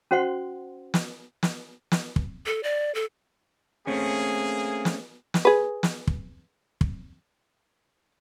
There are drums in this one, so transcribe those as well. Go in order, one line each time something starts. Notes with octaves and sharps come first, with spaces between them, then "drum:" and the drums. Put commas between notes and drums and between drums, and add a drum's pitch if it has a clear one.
C#4 F#4 C5 F#5 C6
drum: snare
drum: snare
drum: snare
drum: kick
A4
D5
A4
A3 A#3 C4 C#4 G#4
drum: snare
drum: snare
G#4 B4
drum: snare
drum: kick
drum: kick